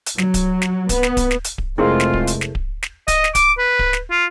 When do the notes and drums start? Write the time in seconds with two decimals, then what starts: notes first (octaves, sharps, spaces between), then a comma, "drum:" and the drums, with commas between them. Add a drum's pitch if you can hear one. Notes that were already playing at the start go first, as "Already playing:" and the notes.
0.06 drum: hi-hat
0.18 F#3, drum: snare
0.34 drum: kick D1, hi-hat
0.62 drum: snare
0.89 B3, drum: kick D1, hi-hat
1.03 drum: snare
1.17 drum: kick D1, hi-hat
1.31 drum: snare
1.44 drum: hi-hat
1.58 drum: kick D1
1.78 F1 G#3 A3 C4 E4 F4 G#4 A#4
2.00 drum: snare
2.13 drum: kick D1
2.27 drum: hi-hat
2.41 drum: snare
2.55 drum: kick D1
2.83 drum: snare
3.08 D#5, drum: kick D1, hi-hat
3.24 drum: snare
3.35 D6, drum: kick D1, hi-hat
3.59 B4
3.79 drum: kick D1
3.93 drum: snare
4.11 F4